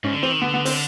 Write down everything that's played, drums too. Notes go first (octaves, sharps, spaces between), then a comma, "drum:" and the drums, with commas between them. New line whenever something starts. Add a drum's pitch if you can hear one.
G#2 C#4
D3
E3 C4
D#3
D3 B3
B3
C4, drum: open hi-hat